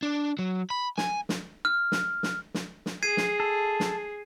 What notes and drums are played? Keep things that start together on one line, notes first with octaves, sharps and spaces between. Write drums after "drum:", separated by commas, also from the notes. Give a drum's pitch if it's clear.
D4
F#3
B5
G#5, drum: snare
drum: snare
F6
drum: snare
drum: snare
drum: snare
drum: snare
G#4 G#6 C7 D#7
drum: snare
A4
drum: snare